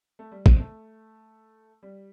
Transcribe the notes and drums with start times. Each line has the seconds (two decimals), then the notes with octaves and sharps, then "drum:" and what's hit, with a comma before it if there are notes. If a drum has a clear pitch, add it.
0.19 A3
0.32 G3
0.46 C4, drum: kick
0.59 A3
1.83 G3